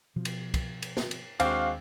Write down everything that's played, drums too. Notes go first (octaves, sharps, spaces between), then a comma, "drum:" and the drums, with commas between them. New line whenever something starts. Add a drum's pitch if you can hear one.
B2 F3
drum: cymbal
drum: kick, cymbal
drum: cymbal
drum: snare
drum: cymbal
D#2 G#3 C4 D4 F#4 F5, drum: cymbal